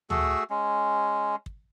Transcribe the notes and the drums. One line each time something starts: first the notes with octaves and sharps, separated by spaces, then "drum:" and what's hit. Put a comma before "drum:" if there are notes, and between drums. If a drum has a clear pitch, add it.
A3 F#4 G#4 A4, drum: tom
G#3 C#4
drum: kick